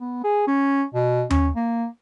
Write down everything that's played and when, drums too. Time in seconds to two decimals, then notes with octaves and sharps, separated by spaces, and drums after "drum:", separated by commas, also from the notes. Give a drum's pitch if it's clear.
0.01 B3
0.24 G#4
0.48 C#4
0.94 B2
1.30 C#4, drum: tom D#2
1.56 A#3